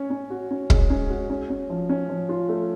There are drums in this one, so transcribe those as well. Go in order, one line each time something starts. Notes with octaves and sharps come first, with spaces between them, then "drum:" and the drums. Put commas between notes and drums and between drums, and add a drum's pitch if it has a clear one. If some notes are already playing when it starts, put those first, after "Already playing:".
Already playing: C#4 C#5
C#4
F#4
C#4
G#3, drum: kick
C#4
F#4
C#4
C#4
F3
C#4
F3
F4
A3